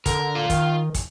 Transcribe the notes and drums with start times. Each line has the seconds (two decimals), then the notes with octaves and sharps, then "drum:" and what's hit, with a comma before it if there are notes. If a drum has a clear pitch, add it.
0.06 D3 A#4, drum: kick, hi-hat
0.35 F4
0.50 D#3, drum: kick, hi-hat
0.94 drum: kick, hi-hat